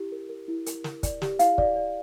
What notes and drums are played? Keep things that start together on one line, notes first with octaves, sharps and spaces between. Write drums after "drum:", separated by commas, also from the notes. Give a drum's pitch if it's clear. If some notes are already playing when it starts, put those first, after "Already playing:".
Already playing: E4 G4
A#4
A#4
E4
A#4, drum: hi-hat
A#4, drum: snare
D5, drum: kick, hi-hat
G4, drum: snare
E4 F5, drum: hi-hat
D5, drum: kick
D5